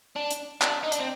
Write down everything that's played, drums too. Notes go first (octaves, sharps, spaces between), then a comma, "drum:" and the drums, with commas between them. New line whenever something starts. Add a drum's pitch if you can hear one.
D4
drum: hi-hat
D4, drum: clap
D#4
D4, drum: hi-hat
C4